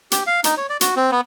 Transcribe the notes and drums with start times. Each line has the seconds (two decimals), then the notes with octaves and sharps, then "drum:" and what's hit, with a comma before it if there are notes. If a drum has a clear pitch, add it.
0.12 G4, drum: hi-hat
0.27 F5
0.44 D#4, drum: hi-hat
0.57 C#5
0.69 D5
0.81 F#4, drum: hi-hat
0.96 C4
1.11 B3